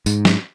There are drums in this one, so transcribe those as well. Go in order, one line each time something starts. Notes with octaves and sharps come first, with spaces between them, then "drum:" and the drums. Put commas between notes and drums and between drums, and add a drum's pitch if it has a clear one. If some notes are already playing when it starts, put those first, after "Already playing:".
G#2, drum: tambourine
drum: snare